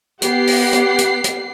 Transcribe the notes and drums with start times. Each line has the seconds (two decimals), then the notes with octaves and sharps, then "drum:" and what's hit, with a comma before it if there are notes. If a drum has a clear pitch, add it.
0.22 B3 G4 F#5 C7, drum: hi-hat
0.47 drum: open hi-hat
0.73 drum: hi-hat
0.98 drum: hi-hat
1.24 drum: hi-hat